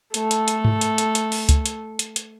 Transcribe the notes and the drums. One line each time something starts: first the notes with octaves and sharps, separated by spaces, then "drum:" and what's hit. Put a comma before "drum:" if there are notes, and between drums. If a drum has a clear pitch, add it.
A3 A4, drum: hi-hat
drum: hi-hat
drum: hi-hat
drum: tom G#2
drum: hi-hat
drum: hi-hat
drum: hi-hat
drum: open hi-hat
drum: kick C#2, hi-hat
drum: hi-hat
drum: hi-hat
drum: hi-hat